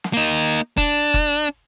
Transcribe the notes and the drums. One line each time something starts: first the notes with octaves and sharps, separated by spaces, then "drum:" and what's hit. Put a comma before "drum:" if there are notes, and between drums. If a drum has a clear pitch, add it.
drum: snare
A#3 D#4
D4, drum: kick F1
drum: kick F1